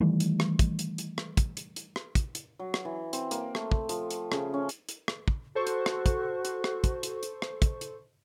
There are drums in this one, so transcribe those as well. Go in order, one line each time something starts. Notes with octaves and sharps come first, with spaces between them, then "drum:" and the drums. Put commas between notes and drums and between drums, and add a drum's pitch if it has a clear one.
D#3 E3 G3 A3
drum: hi-hat
drum: rim click
drum: kick, hi-hat
drum: hi-hat
drum: hi-hat
drum: rim click
drum: kick, hi-hat
drum: hi-hat
drum: hi-hat
drum: rim click
drum: kick, hi-hat
drum: hi-hat
F#3
drum: rim click
E3
C4, drum: hi-hat
A#3, drum: hi-hat
A3, drum: rim click
drum: kick
F3, drum: hi-hat
drum: hi-hat
C#3, drum: rim click
C#4
drum: hi-hat
drum: hi-hat
drum: rim click
drum: kick
F#4 A4 C5 C#6
drum: hi-hat
drum: rim click
drum: kick, hi-hat
drum: hi-hat
drum: rim click
drum: kick, hi-hat
drum: hi-hat
drum: hi-hat
drum: rim click
drum: kick, hi-hat
drum: hi-hat